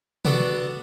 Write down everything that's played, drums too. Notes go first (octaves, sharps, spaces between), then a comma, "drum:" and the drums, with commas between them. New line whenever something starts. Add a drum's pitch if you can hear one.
B3 D4 F#4 A4, drum: tom B2